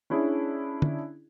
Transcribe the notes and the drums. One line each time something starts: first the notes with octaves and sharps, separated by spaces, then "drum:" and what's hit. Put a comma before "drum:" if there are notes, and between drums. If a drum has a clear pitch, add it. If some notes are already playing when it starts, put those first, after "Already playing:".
C#4 D4 E4 G#4
drum: tom D3